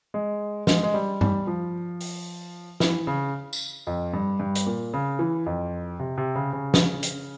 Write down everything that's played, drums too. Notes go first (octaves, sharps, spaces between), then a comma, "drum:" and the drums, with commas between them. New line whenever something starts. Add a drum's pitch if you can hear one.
G#3
G#3, drum: snare
G#3
G3
G3, drum: tom G2
F3
drum: open hi-hat
E3, drum: snare
C#3
drum: tambourine
F2
G2
G2
drum: hi-hat
A#2
C#3
E3
F2
C3
C3
C#3
C#3
drum: snare
drum: hi-hat